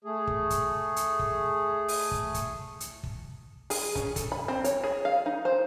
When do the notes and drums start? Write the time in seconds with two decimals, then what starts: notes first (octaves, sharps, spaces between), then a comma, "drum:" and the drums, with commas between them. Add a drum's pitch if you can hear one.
0.05 A3 G#4
0.27 drum: kick
0.50 drum: kick, hi-hat
0.96 drum: hi-hat
1.19 drum: kick
1.88 drum: open hi-hat
2.11 drum: kick
2.34 drum: kick, hi-hat
2.80 drum: hi-hat
3.03 drum: kick
3.70 G#4, drum: open hi-hat
3.95 C#4, drum: kick
4.16 A4, drum: kick, hi-hat
4.32 B5
4.48 C4
4.64 C#5, drum: hi-hat
4.84 G#4
5.05 F5
5.26 D#4
5.45 C5